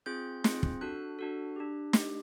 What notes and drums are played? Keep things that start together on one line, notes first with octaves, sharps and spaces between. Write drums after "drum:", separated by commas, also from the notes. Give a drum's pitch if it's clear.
C4 F4 G#4 G6
C4 F4 G#4, drum: snare
drum: kick
D4 F#4 A4 F#6
D4 F#4 A4
D4 G4
D4 G4, drum: snare